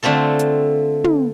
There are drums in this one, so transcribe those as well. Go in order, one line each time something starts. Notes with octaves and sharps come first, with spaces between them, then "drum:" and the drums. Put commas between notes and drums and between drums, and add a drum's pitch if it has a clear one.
D3 A3 C4 F4 A4
drum: hi-hat
drum: tom